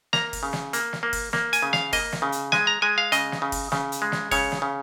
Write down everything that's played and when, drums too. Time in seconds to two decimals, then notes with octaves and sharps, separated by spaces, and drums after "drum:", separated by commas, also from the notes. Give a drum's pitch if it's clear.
0.13 A#3 A#5, drum: snare
0.33 drum: kick, open hi-hat
0.43 C#3
0.53 drum: snare
0.73 A#3, drum: hi-hat
0.93 drum: snare
1.03 A#3
1.13 drum: kick, open hi-hat
1.33 A#3, drum: snare
1.53 G#5, drum: hi-hat
1.63 C#3
1.73 F5, drum: snare
1.93 A#3 D#5, drum: kick, open hi-hat
2.12 drum: snare
2.22 C#3
2.32 drum: hi-hat
2.52 G#3 G#5, drum: snare
2.67 A#5
2.82 G#3 G#5
2.98 F5
3.12 C#3 D#5, drum: hi-hat
3.32 drum: snare
3.42 C#3
3.52 drum: kick, open hi-hat
3.72 C#3, drum: snare
3.92 drum: hi-hat
4.02 G#3
4.12 drum: snare
4.31 C#3 C#5, drum: kick, open hi-hat
4.52 drum: snare
4.62 C#3